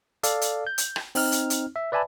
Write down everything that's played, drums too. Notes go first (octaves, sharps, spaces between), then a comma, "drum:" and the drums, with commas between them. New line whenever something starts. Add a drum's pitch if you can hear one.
A4 D5 F5, drum: hi-hat
drum: hi-hat
G6
drum: hi-hat
drum: rim click
C4 D#4 F6, drum: open hi-hat
drum: hi-hat
drum: hi-hat
E5
B4 D5 E5 G#5 A5 B5